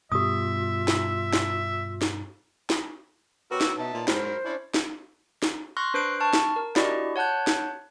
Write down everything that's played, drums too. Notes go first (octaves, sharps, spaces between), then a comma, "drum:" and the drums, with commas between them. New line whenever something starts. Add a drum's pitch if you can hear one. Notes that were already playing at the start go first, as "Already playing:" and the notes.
G2 B2 F4 G4 E5 D#6
drum: snare
drum: snare
drum: snare
drum: snare
B3 F#4 G4 A#4 B4 C#5 E6
drum: snare
B2 D#4 E5 A5
A#2
G#2 F#3 A#4 C5 B5, drum: snare
C#4 D4 E4
drum: snare
drum: snare
C6 C#6 F6 F#6 A#6
D4 B4 C5 F#6 C7 D7
A5 C#6 F6
drum: snare
A#4
D4 E4 F#4 G4 D5 D#5, drum: snare
C#5 F#5 A5 F#6 G6
drum: snare